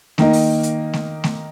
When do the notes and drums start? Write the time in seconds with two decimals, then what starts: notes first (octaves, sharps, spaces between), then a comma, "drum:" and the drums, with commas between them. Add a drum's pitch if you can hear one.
0.18 D#3 A#3 D#4, drum: snare A3
0.33 drum: open hi-hat
0.63 drum: hi-hat
0.93 drum: snare A3
1.24 drum: snare A3